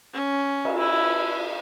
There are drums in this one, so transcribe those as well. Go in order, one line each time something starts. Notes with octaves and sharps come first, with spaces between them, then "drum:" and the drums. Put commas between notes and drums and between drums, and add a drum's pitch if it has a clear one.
C#4
drum: cymbal
E4